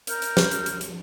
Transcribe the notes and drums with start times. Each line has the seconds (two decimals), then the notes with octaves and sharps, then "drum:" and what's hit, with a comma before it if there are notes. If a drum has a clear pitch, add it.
0.07 A#4 F6 G6, drum: hi-hat
0.22 drum: hi-hat
0.37 drum: snare
0.51 drum: hi-hat
0.66 drum: hi-hat
0.81 drum: hi-hat